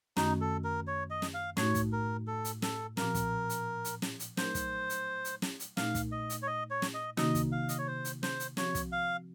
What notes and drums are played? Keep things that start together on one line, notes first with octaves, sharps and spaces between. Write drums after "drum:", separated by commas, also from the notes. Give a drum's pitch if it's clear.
F#2 D#3 A3 C#4 D#4 F#4, drum: snare
A4
A#4
C#5
D#5
drum: snare
F5
A2 A3 D#4 F#4 C#5, drum: snare
drum: kick, hi-hat
A#4
A4
drum: hi-hat
A4, drum: snare
A#2 F3 C4 F#4 A#4, drum: snare
drum: kick, hi-hat
drum: hi-hat
drum: hi-hat
drum: snare
drum: hi-hat
F#3 A3 D#4 A#4 C5, drum: snare
drum: kick, hi-hat
drum: hi-hat
drum: hi-hat
drum: snare
drum: hi-hat
A#2 A3 D#4 F5, drum: snare
drum: kick, hi-hat
D#5
drum: hi-hat
C#5
D#5
C#5
drum: snare
D#5
C3 D#3 A#3 D#4 F#4 D#5, drum: snare
drum: kick, hi-hat
F5
D#5, drum: hi-hat
C#5
C5
drum: hi-hat
C5, drum: snare
drum: hi-hat
F3 C4 F#4 C#5, drum: snare
drum: kick, hi-hat
F5